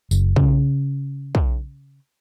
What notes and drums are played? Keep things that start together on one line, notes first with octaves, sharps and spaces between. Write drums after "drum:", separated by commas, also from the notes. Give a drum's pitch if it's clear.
F#1, drum: tambourine
C#3, drum: kick
drum: kick